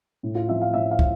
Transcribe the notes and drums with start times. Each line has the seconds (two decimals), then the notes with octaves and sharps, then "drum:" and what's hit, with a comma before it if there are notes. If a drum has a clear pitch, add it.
0.23 A2
0.35 F4
0.48 F3 C4 E5
0.62 F5
0.74 A2 E5
0.91 F5
0.99 F3, drum: kick